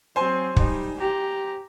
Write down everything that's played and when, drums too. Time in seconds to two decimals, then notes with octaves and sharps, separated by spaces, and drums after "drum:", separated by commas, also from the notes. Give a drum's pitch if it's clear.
0.16 F#3 C4 C5 G#5 C6
0.56 G3 D#4, drum: kick
0.98 G4 A#5